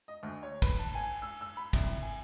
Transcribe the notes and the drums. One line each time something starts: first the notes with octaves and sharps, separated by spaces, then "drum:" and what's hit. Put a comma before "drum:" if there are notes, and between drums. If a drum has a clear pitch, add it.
D#5
D2
C#5
B4, drum: kick, cymbal
A5
G#5
E6
E6
B5
C2, drum: kick, cymbal
G#5